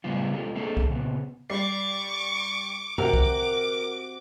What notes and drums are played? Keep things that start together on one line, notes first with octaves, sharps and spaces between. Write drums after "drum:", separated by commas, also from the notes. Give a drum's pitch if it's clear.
F#2 A2 C#3 G3 B3 F4
C3 G#3 F4 G4 A4
A3 A#3 C4 D4 G#4 A4
drum: kick C2
A#2 C#3 B3
G3 D5 C#6 D6 C7
C3 F#4 A#4 F#5 D6, drum: tom G2
drum: kick C2